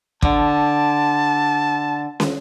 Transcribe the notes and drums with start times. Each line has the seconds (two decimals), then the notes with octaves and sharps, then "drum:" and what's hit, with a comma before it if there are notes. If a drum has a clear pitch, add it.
0.22 D3 A5, drum: kick
2.20 drum: snare